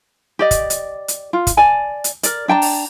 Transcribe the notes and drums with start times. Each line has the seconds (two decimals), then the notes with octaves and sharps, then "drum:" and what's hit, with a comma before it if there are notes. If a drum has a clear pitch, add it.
0.39 G4 D5 D#5
0.51 drum: kick, hi-hat
0.70 drum: hi-hat
1.08 drum: hi-hat
1.33 F4
1.47 drum: kick, hi-hat
1.57 D5 G#5 A5
2.04 drum: hi-hat
2.23 A#4 D5, drum: hi-hat
2.48 D4 G5 A5 A#5
2.62 drum: open hi-hat